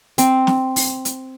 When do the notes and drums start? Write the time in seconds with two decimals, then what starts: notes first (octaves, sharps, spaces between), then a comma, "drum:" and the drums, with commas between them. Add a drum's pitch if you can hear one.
0.18 C4, drum: hi-hat
0.47 drum: snare
0.76 drum: open hi-hat
1.05 drum: hi-hat